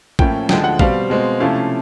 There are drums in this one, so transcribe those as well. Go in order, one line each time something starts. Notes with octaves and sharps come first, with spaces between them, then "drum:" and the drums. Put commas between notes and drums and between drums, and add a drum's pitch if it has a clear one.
A2 F3 A#3 C#4 E4 G5, drum: kick
D2 D3 F3 G#3 G5, drum: snare
F#5
B2 G3 C4 F5, drum: kick
B2 G#3 C4
C3 F3 A3 C#4 E4 F5